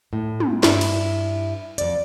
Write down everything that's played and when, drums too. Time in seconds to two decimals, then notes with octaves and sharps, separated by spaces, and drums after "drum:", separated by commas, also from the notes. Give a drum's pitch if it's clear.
0.13 A2
0.40 drum: tom
0.63 G2 E4, drum: snare
0.81 drum: cymbal
1.78 F2 D5, drum: hi-hat